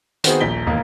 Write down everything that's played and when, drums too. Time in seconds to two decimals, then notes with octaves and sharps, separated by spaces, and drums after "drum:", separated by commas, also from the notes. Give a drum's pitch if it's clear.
0.24 D#3 B3 C4 F#4 G#4, drum: hi-hat
0.40 D#1 A#1 B6 G7
0.66 E1 D#2 A#3